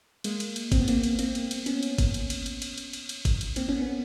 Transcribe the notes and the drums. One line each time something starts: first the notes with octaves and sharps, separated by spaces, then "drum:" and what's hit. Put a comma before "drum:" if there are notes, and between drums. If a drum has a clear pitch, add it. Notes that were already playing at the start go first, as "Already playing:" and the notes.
G#3 A#3, drum: cymbal
drum: cymbal
drum: cymbal
C4, drum: kick G1, cymbal
B3
A#3 C4, drum: cymbal
drum: cymbal
A#3 C4, drum: cymbal
drum: cymbal
drum: cymbal
B3 C#4, drum: cymbal
drum: cymbal
drum: kick G1, cymbal
drum: cymbal
drum: cymbal
drum: cymbal
drum: cymbal
drum: cymbal
drum: cymbal
drum: cymbal
drum: kick G1, cymbal
drum: cymbal
A#3 C4, drum: cymbal
B3 C#4
B3 C#4